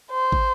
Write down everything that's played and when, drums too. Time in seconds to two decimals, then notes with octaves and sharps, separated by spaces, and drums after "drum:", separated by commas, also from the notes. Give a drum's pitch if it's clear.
0.11 C5
0.32 drum: kick